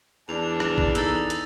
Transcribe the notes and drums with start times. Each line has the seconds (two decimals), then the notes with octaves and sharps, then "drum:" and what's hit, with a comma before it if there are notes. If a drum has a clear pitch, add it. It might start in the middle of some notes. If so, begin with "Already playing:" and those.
0.29 E2 D4 F7
0.60 drum: rim click
0.78 drum: kick
0.95 D#4 A4 B5 E6 A6, drum: hi-hat
1.30 drum: hi-hat